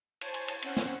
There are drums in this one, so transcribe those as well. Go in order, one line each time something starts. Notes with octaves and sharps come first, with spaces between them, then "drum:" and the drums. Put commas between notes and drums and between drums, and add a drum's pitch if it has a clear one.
C5 C#5 G#5 A5 G#6, drum: cymbal
drum: cymbal
drum: cymbal
C4 C#4 C5 F#5, drum: cymbal
drum: snare